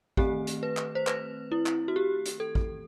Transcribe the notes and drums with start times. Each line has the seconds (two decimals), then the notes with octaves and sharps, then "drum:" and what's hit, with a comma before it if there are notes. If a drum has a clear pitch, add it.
0.17 D#3 A3 C4 G4, drum: kick
0.47 drum: hi-hat
0.63 B4
0.77 drum: clap
0.95 C5
1.07 B4, drum: clap
1.52 E4
1.66 drum: clap
1.88 F#4
1.96 G4
2.26 drum: hi-hat
2.40 A4
2.55 drum: kick